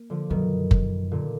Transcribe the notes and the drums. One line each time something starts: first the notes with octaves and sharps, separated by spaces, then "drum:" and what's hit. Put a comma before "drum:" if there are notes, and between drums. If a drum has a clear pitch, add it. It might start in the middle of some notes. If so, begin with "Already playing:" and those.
Already playing: A#3
D3 F3
F#2 B2 D#3
drum: kick F#1
A#2 D3